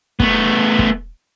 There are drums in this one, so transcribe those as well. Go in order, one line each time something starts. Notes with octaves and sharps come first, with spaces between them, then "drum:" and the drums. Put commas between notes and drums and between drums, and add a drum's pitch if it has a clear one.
A3 B3, drum: kick
drum: kick